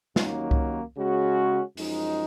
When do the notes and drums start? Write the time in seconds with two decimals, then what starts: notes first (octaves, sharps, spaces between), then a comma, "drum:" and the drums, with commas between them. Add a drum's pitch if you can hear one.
0.16 D#2 D#3 F#3 A#3 C#4, drum: snare
0.51 drum: kick C2
0.97 C#3 G#3 C#4 F#4
1.77 F#2 F3 G#3 D#4, drum: open hi-hat